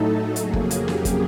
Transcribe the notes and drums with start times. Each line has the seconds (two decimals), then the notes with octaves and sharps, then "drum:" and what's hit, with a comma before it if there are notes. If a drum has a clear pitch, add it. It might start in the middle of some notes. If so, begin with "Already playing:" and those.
Already playing: A2 F#3 A3 D#4 A4
0.36 F2 C#3 F#3 A#3 G#4, drum: hi-hat
0.53 drum: kick
0.71 G4, drum: hi-hat
0.88 drum: snare
1.05 drum: kick, hi-hat